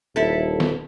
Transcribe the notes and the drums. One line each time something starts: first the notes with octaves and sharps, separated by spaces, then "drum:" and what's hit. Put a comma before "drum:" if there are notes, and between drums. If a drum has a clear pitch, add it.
D#1 E4 A4
drum: snare